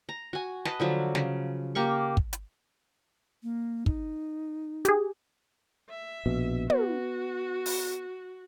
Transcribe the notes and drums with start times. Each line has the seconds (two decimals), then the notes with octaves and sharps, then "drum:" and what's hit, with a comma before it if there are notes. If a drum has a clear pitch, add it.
0.09 A#5
0.33 F#4 G#5
0.65 B4 D#5 A5, drum: snare
0.80 D3 F3 F#3
1.15 C#3, drum: snare
1.75 A#3 G4 A#4 C#6
2.17 drum: kick
2.33 drum: hi-hat
3.43 A#3
3.86 D#4, drum: kick
4.85 G4 G#4, drum: hi-hat
5.90 E5
6.26 A#1 B2
6.70 B3 F#4, drum: tom
7.66 drum: open hi-hat